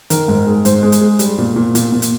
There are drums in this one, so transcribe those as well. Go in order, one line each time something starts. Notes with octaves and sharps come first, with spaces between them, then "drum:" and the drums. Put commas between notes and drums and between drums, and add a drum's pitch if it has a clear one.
D#3 A#4, drum: hi-hat
G#2
G#3
G#2 C5, drum: hi-hat
G#3
drum: hi-hat
G#3
G3, drum: hi-hat
A#2
A#2
A#2, drum: hi-hat
A#2
drum: hi-hat